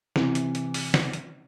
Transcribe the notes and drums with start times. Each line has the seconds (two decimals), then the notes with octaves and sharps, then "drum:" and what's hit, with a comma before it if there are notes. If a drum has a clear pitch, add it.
0.16 C3 E3, drum: snare
0.35 drum: hi-hat
0.55 drum: hi-hat
0.74 drum: open hi-hat
0.94 drum: snare
1.13 drum: hi-hat